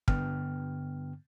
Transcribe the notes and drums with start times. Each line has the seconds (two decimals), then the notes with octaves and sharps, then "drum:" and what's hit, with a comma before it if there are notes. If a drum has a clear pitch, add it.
0.08 G2 D3 B3 G5 F6, drum: kick